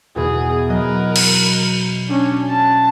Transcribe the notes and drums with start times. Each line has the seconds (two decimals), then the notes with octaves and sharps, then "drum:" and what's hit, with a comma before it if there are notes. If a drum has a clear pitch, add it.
0.16 E2 B2 G#4
0.69 F#3 A#4 B4 D#5
1.16 drum: cymbal
2.08 C#4 D4
2.49 A5